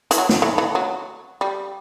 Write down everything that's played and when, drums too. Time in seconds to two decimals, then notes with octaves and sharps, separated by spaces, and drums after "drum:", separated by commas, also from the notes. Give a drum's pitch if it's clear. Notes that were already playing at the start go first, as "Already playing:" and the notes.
0.11 E3, drum: hi-hat
0.18 F#3
0.29 drum: snare
0.42 E3
0.58 E3
0.75 F#3
1.41 G3